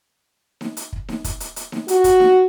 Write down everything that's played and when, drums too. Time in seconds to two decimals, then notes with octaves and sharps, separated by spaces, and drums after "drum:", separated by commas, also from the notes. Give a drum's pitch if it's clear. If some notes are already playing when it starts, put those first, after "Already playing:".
0.61 drum: snare D#4
0.77 drum: hi-hat
0.93 drum: kick
1.08 drum: snare D#4
1.24 drum: kick, hi-hat
1.40 drum: hi-hat
1.56 drum: hi-hat
1.72 drum: snare D#4
1.88 F#4, drum: hi-hat
2.04 drum: kick, hi-hat
2.20 drum: snare D#4